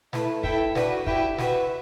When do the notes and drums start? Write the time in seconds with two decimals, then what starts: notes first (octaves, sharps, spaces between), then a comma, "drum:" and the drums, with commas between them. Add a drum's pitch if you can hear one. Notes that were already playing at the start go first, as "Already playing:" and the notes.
0.13 A3 E4 B4, drum: snare
0.44 E4 A4 E5 G5, drum: kick
0.75 D4 F#4 B4, drum: snare
1.07 E4 G4 B4 E5 G5, drum: kick
1.38 F#4 B4 E5, drum: snare